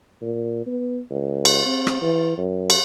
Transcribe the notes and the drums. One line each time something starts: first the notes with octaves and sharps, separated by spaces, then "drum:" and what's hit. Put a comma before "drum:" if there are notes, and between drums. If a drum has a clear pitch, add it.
A#2
B3
C#2
drum: cymbal
C4
drum: rim click
E3
F#2
drum: cymbal